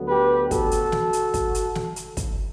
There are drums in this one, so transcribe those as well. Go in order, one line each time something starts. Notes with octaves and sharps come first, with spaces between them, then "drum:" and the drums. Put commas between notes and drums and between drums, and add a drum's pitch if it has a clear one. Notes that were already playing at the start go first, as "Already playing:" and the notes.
Already playing: D2 D3 F#3 B3
G4 B4
F#4 A4, drum: kick, hi-hat
drum: hi-hat
drum: snare
drum: hi-hat
drum: kick, hi-hat
drum: hi-hat
drum: snare
drum: hi-hat
drum: kick, hi-hat